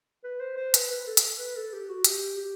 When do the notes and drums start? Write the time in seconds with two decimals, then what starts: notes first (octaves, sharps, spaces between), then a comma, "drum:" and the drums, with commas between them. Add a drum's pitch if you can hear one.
0.24 B4
0.40 C5
0.57 C5
0.74 B4, drum: hi-hat
0.90 B4
1.07 A4
1.17 drum: hi-hat
1.39 B4
1.56 A4
1.73 G4
1.89 F#4
2.04 G4, drum: hi-hat
2.38 G4